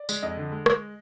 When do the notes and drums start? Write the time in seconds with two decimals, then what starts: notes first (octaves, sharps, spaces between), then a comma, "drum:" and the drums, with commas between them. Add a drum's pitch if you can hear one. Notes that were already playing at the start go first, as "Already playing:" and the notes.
Already playing: D5
0.09 G#3, drum: tambourine
0.22 F2 D#5
0.37 D3
0.52 G#3
0.66 G#3, drum: rim click